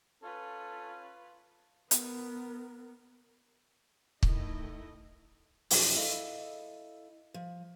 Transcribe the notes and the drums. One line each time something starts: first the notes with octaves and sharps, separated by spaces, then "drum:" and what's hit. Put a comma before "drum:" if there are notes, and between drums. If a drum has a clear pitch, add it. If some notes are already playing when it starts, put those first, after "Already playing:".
C#4 F4 A4 B4
B3 A#4, drum: hi-hat
D#3 A3 E4 D#5, drum: kick
F#2 C3 F3 D4 G#4 D5, drum: open hi-hat
E4 A4 D#5 F5
F3